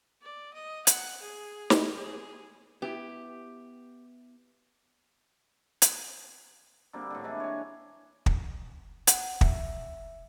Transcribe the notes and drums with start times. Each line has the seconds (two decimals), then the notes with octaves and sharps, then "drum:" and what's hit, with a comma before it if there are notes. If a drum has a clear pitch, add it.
0.22 D5
0.54 D#5
0.87 F#5, drum: hi-hat
1.22 G#4
1.70 drum: snare
1.95 G#4
2.82 B3 E4 G4
5.82 drum: hi-hat
6.93 D3 G3 A#3 C4
7.10 A2 D3
7.23 D3 E3 G#3 A#3
7.40 C#5 G#5
8.26 drum: kick
9.07 F#5, drum: hi-hat
9.41 E5, drum: kick